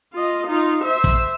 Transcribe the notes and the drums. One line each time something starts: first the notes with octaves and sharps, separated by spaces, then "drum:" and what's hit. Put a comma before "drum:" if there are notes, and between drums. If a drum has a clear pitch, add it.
F4 D#5
D#4 F4
C5 E5
drum: kick